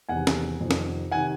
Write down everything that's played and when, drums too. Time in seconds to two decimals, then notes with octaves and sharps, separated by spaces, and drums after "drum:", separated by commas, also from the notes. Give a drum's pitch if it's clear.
0.09 E2 C3 D#3 F#5 G#5
0.27 drum: snare
0.61 F2 C3 D#3
0.71 drum: snare
1.11 C3 D#3 F#5 G#5